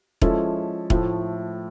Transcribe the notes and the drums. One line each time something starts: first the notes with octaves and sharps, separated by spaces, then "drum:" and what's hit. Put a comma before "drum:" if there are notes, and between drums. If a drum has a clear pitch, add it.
F3 G#3 C#4 E4 A4, drum: kick E1
A2 F3 A3, drum: kick E1